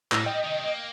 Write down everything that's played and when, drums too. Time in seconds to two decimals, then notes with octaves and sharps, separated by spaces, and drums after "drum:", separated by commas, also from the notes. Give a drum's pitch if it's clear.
0.12 A2 G3 A#6, drum: clap
0.26 D#5 G5
0.44 C3 D#3
0.66 A#3